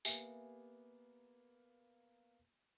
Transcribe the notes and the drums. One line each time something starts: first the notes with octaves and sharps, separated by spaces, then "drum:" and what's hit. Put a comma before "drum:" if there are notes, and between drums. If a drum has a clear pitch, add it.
A#3 B3 G4 E5 G#5, drum: tambourine